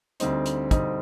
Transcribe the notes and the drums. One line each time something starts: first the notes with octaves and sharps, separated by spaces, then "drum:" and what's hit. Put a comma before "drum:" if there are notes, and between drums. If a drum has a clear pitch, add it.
D2 D3 G3 C4 D#4, drum: hi-hat
drum: hi-hat
D2 D3 G3 C4 D#4, drum: kick, hi-hat